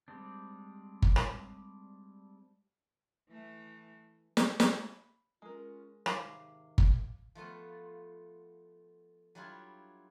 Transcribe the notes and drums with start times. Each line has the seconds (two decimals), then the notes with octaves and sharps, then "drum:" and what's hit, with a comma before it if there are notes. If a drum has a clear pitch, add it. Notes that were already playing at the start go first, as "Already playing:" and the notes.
0.08 G3 G#3 C4 D4
1.02 drum: kick G1
1.16 drum: rim click
3.29 E3 A3
4.37 drum: snare
4.60 drum: snare
4.79 B5
5.42 G#3 C#4 F4 A#4
6.06 G#2 C3 D#3 F5 D6 C7, drum: rim click
6.78 drum: kick G1
7.35 F3 A3 B3 F4
9.35 F#3 G3 D4 E4 F4